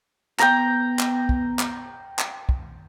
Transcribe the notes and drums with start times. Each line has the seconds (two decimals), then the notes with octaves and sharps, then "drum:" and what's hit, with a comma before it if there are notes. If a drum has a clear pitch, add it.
0.39 B3 G5 A#5, drum: clap
0.99 drum: clap
1.29 drum: kick
1.59 drum: clap
2.19 drum: clap
2.49 drum: kick